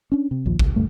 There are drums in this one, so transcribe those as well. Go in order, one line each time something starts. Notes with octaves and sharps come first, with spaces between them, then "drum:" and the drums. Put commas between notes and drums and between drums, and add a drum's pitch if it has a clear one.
C#4 D4
C3
A#1 D#2 F3
C#2, drum: kick G#1
E1 D2 G2 A3